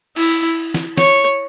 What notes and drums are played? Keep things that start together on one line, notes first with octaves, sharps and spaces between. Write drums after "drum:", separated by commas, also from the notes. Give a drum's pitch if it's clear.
E4, drum: cymbal
drum: snare
C#5, drum: snare